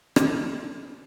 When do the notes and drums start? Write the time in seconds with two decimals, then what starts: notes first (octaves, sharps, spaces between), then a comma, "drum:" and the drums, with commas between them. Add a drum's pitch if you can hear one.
0.16 F3 G#4 A#4 E5 A5 C6, drum: rim click
0.53 B3 G#4 C5